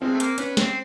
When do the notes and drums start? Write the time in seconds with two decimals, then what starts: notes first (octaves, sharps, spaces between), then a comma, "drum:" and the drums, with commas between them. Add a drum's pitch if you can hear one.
0.01 C3 F3 G#3 C4
0.13 A3
0.20 A#3, drum: hi-hat
0.38 B3 C#4, drum: hi-hat
0.57 C4, drum: snare